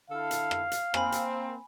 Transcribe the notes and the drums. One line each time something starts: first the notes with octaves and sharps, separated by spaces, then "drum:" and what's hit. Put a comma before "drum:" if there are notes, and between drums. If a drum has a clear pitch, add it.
D3 E4 A4 F5
drum: hi-hat
drum: rim click
drum: hi-hat
A#3 C4 G#5 B5, drum: rim click
drum: hi-hat